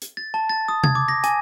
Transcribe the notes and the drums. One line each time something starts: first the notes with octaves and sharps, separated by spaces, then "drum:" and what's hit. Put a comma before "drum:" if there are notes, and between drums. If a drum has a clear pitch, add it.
drum: hi-hat
A6
A5
A6
D#6
G#6, drum: tom C3
D6
A#6
G#5, drum: hi-hat